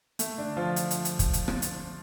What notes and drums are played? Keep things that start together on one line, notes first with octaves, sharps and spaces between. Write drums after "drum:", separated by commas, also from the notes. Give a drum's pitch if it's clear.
A3, drum: hi-hat
D3 D4
F3 F4
drum: hi-hat
drum: hi-hat
drum: hi-hat
drum: kick, hi-hat
drum: hi-hat
drum: rim click
drum: hi-hat